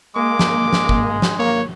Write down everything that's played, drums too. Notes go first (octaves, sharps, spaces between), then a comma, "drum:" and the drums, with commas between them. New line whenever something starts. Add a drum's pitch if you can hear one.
G#3 A#3 D6
drum: snare
drum: snare
drum: kick G1
drum: snare
A#3 C#5